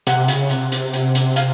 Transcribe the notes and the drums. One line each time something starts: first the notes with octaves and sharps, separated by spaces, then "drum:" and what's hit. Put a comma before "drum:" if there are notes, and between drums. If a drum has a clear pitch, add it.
C3 F#5, drum: hi-hat
C#3, drum: hi-hat
C3, drum: hi-hat
drum: hi-hat
drum: hi-hat
drum: hi-hat
F5, drum: hi-hat